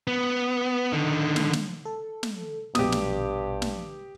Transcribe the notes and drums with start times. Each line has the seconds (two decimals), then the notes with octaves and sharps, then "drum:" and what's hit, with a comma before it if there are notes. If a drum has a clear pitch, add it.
0.07 B3
0.92 D3 D#3
1.36 drum: snare
1.53 drum: snare
1.85 A4
2.23 drum: snare
2.75 A#1 G2 B2 G4 D#6, drum: snare
2.92 drum: snare
3.62 drum: snare